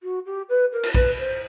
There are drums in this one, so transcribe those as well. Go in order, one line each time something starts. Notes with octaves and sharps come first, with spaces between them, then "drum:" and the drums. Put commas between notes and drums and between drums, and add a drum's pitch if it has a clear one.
F#4
G4
B4
A#4
drum: cymbal
B4, drum: kick A#1
C5